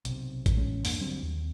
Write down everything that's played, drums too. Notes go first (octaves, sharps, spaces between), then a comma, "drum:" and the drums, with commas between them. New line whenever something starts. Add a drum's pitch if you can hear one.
B1 C3, drum: hi-hat
drum: kick A1, hi-hat
A1 G#3 C#4
E2 G2 A#3 D4, drum: open hi-hat
D3 F#3 G3 C4
D#2